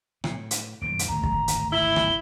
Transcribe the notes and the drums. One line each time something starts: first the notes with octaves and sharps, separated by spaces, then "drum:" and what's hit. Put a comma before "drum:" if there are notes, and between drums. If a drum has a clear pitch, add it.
A2, drum: rim click
drum: hi-hat
F#2 A#2 D#3 D7
drum: hi-hat
D1 G#1 A2 A#5
drum: kick
drum: hi-hat
E4 G7
drum: rim click